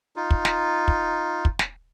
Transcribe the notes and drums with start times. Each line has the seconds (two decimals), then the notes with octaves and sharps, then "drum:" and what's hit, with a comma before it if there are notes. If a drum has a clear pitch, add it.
0.16 D#4 F4
0.31 drum: kick
0.45 drum: snare
0.88 drum: kick
1.45 drum: kick
1.59 drum: snare